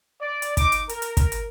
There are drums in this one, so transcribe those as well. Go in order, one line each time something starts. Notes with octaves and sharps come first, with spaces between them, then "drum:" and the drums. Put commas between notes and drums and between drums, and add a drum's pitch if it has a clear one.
D5
drum: hi-hat
D#4 D6, drum: kick, hi-hat
drum: hi-hat
A#4, drum: hi-hat
drum: hi-hat
drum: kick, hi-hat
drum: hi-hat